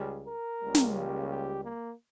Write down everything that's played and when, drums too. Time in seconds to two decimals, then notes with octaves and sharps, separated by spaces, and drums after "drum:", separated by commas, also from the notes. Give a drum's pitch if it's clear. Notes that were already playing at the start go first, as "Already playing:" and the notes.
Already playing: C#2 C#3 G3
0.27 A#4
0.61 C#2 C#3 G3 A#3
0.75 drum: snare
0.95 G4
1.29 G4
1.63 A#3